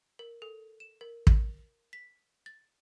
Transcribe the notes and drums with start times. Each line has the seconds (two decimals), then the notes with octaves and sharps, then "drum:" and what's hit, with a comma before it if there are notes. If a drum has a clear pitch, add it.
0.19 A#4
0.42 A4
0.80 E7
1.01 A#4
1.27 drum: kick
1.93 B6
2.46 A6